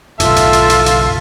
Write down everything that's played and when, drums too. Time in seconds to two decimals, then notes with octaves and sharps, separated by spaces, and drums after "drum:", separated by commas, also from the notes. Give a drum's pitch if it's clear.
0.20 F#1 B1 F4 A4 E5, drum: hi-hat
0.36 drum: hi-hat
0.53 drum: hi-hat
0.70 drum: hi-hat
0.86 drum: hi-hat